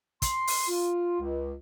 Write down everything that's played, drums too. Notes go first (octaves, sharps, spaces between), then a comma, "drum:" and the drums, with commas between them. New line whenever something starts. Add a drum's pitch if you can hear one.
C6, drum: kick, hi-hat
drum: open hi-hat
F4
C#2